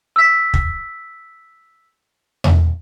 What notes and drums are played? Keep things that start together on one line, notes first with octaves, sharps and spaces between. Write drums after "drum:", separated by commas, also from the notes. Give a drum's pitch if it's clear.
E6 B6
drum: kick
drum: tom E2